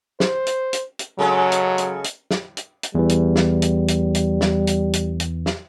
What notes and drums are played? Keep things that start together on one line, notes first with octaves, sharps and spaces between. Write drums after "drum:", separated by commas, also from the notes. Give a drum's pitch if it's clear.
C5, drum: snare
drum: hi-hat
drum: hi-hat
drum: hi-hat
C#3 F#3 G#3 A4
drum: hi-hat
drum: hi-hat
drum: hi-hat
drum: snare
drum: hi-hat
drum: hi-hat
E2 E3 G3
drum: hi-hat
drum: snare
drum: hi-hat
drum: hi-hat
drum: hi-hat
drum: snare
drum: hi-hat
drum: hi-hat
drum: hi-hat
drum: snare